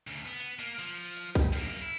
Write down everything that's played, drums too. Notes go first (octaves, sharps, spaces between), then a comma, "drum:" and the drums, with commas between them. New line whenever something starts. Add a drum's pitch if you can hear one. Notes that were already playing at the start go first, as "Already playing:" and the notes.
D2 C#3
B3
drum: hi-hat
A#3, drum: hi-hat
F3, drum: hi-hat
drum: open hi-hat
drum: hi-hat
drum: kick, hi-hat
F#2 A#3, drum: hi-hat
E4